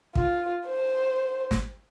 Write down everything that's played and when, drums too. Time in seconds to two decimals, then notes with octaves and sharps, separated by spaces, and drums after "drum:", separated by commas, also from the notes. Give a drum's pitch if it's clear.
0.15 F4, drum: kick
0.67 C5
1.51 drum: snare